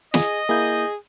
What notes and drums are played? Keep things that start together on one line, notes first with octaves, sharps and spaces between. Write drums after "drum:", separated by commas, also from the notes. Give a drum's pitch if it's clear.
G#4 D#5, drum: snare
A#3 E4 G#4 G6